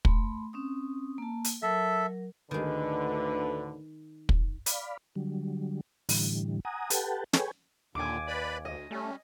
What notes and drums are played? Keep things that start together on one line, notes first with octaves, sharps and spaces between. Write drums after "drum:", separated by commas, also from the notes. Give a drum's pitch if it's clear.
A3 B5 C6, drum: kick
C4 C#4 D#6
A#3 A5
drum: hi-hat
F#3 A4 A#4 E5
D2 A2 D3 D#3 G#3 B4
drum: kick
D5 F5 B5, drum: hi-hat
D3 F#3 G3
A2 D3 E3 G3, drum: open hi-hat
F#5 G#5 A#5 D#6
G4 A4 B4 F#5 G5 A5, drum: hi-hat
G#4 A4 B4 C#5 G5 G#5, drum: snare
D#2 A#2 D3 G#5 D6
B4 D5 B5
D2 D#5
G3 A3 C#4